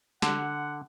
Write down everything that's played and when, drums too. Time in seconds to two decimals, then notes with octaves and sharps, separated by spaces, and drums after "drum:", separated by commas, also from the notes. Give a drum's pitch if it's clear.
0.22 D3 F#5, drum: snare